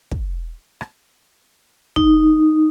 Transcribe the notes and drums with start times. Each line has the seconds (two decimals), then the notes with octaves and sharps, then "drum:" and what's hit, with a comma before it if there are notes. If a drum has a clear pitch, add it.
0.11 drum: kick
0.81 drum: rim click
1.96 D#4, drum: kick